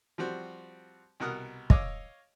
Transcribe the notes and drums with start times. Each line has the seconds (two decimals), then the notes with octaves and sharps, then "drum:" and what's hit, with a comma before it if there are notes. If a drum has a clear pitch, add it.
0.18 F3 G3 C4 F#4
1.20 C2 B2 A#4 F#5 D#6 F6
1.70 C#5 D#5 F5 D6 E6, drum: kick